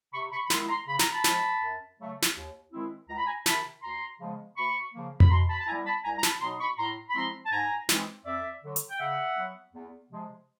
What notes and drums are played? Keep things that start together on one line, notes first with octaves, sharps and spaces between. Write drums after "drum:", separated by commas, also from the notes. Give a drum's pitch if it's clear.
C3 B5 C#6
B5 C#6
B5
D#3 G#3 B3 E4 A#5 C6, drum: snare
A#5 C6
C#3 B5
A#5, drum: snare
A5 B5
F3 G#3, drum: snare
F#2
C#3 F#3 A3
drum: snare
D#2
D#3 G#3 C4 E4
C#2 A#5
B5
G#5 A#5
C3 D#3 A5 B5, drum: snare
D2 A#5 C6
C#3 F3 G#3 B3
D2 B5 C#6
C#3 F3 A#3
B5, drum: tom F2
B2 A#5 C6
A5 B5
A5
G3 B3 E4 G#5 A#5
A5 B5
C2 G#5 A#5
A#5
A5 B5, drum: snare
B2 F#3 B3 D#4 A#5 C6
B5 C#6
A2 A#5 C6
B5
F3 G#3 C4 E4 A#5 C6
A5
G#2 G#5 A#5
E3 G#3 C4 D#4, drum: snare
F2 D5 E5
D3 F#3
drum: hi-hat
G5
C#3 E5 F#5
F#3 B3
E2
C3 F3 G#3